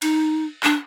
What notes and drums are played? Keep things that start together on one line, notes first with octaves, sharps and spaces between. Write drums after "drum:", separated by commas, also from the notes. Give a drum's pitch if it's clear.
D#4, drum: cymbal
D4, drum: clap